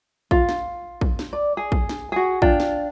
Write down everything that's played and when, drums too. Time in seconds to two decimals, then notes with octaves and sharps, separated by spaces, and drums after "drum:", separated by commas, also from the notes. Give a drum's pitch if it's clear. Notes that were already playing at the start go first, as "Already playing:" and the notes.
0.31 F4, drum: kick
0.49 drum: snare
1.01 drum: kick
1.19 drum: snare
1.33 D5
1.57 G#4
1.72 drum: kick
1.89 drum: snare
2.12 F#4 G#4
2.42 D4 F4 G5, drum: kick
2.60 drum: snare